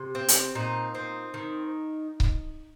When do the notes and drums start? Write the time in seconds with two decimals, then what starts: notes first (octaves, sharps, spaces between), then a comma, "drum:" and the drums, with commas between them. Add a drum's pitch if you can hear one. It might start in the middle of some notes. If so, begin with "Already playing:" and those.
Already playing: C3
0.15 C4
0.28 drum: hi-hat
0.55 A#2 D#4
0.95 C4
1.34 D#3
2.20 drum: kick C#1